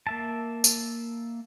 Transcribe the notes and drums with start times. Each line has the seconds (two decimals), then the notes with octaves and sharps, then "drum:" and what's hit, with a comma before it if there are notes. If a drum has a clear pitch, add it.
0.07 A#3 E5 A5
0.64 drum: tambourine